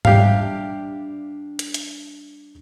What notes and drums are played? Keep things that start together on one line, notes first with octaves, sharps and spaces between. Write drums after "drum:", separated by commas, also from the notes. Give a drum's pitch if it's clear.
G3 D4 G4 E5 F5, drum: tom G#2
drum: hi-hat
drum: hi-hat